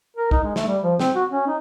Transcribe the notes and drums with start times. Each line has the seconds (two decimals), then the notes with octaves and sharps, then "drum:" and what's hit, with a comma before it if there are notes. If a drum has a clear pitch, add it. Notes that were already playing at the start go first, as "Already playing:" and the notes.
0.17 A#4
0.31 D#4, drum: kick
0.44 G#3
0.56 A3, drum: snare
0.68 G3
0.83 F3
0.99 C4, drum: snare
1.15 F#4
1.30 C#4
1.47 D#4